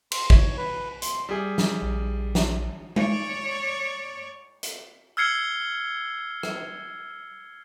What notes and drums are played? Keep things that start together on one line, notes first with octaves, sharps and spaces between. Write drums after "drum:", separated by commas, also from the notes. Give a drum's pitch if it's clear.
C6, drum: cymbal
C#5, drum: kick
B4
C6, drum: hi-hat
G3 G#4
drum: snare
A#1
drum: snare
C#5 D5, drum: tom G#3
drum: hi-hat
E6 F6 G#6 C7 C#7 G7
drum: rim click